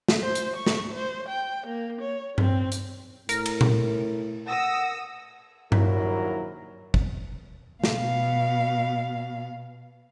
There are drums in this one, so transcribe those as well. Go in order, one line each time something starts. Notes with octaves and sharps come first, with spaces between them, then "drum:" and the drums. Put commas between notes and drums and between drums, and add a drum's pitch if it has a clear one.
drum: snare
C5
drum: hi-hat
C#6
drum: snare
C5
G5
A#3
C#5
C4, drum: tom G2
drum: hi-hat
A2 A#4, drum: hi-hat
drum: cymbal
drum: tom A#2
F#5 D#6 E6 A#6
A#1 D#2 F#3 E4 A#4, drum: tom G2
drum: kick G1
B2 F5, drum: snare